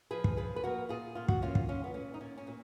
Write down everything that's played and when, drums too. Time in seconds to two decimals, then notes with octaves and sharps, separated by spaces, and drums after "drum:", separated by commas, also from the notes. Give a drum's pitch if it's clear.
0.11 F3 G#4 B4
0.24 drum: kick
0.37 F3 G#4 B4
0.56 B4
0.63 A#3 F#4 A#4
0.89 A#2 F4 G#4
1.15 A#2 F4
1.28 F#4, drum: kick
1.42 A#2 C#4 F4
1.55 drum: kick
1.68 A#2 C#4 F4
1.84 B3
1.94 A#2 C#4
2.14 D#4
2.21 A#2 C#4
2.38 C#4
2.47 A#2